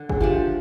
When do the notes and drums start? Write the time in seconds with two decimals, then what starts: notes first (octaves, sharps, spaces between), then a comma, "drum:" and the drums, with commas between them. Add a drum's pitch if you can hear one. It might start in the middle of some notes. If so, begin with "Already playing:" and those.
Already playing: D3
0.09 G#4, drum: kick F#1
0.21 F3 A3 D4 G4